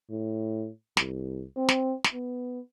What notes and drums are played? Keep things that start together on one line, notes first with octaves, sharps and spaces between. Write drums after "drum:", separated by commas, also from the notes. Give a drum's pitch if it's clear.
A2
C2, drum: snare
C4
drum: snare
drum: snare
B3